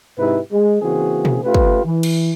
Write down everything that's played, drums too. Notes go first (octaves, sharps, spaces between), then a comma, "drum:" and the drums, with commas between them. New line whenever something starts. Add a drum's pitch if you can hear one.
G#2 C3 D#4 E4 G4 B4
G#3
C#3 E3 A#3 C4 F#4 G#4
drum: tom B2
A3 C#4 F4 G4 B4
drum: kick
E3
drum: cymbal